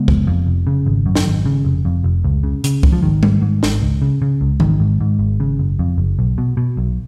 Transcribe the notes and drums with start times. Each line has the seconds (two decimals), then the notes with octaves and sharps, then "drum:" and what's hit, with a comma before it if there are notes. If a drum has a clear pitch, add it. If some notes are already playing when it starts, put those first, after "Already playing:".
Already playing: C#3 G#3 B3
0.08 F1, drum: kick
0.27 F2
0.47 F1
0.67 C#3
0.86 G#1
1.06 F#2
1.15 drum: snare
1.26 G#1
1.45 C#3
1.65 F1
1.85 F2
2.04 F1
2.24 C#2
2.43 C#3
2.64 C#3, drum: hi-hat
2.83 C#2, drum: kick
2.93 F3
3.03 G#1 D#3
3.23 G#2, drum: tom G3
3.42 G#2
3.63 G#1, drum: snare
3.82 C#2
4.02 C#3
4.22 C#3
4.41 C#2
4.60 G#1 D#3, drum: tom E3
4.80 G#2
5.01 G#2
5.19 G#1
5.40 C#3
5.59 F#1
5.79 F2
5.98 F#1
6.19 B1
6.38 B2
6.57 B2
6.77 B1